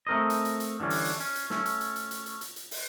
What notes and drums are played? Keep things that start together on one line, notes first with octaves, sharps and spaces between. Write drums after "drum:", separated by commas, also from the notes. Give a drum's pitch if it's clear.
A3 C4 A#4 C5 D#5
drum: hi-hat
drum: hi-hat
drum: hi-hat
D3 E3 G3 C#4 D4
drum: open hi-hat
drum: hi-hat
C#4, drum: hi-hat
drum: hi-hat
A3 C#4, drum: snare
drum: hi-hat
drum: hi-hat
drum: hi-hat
drum: hi-hat
drum: hi-hat
drum: hi-hat
drum: hi-hat
drum: open hi-hat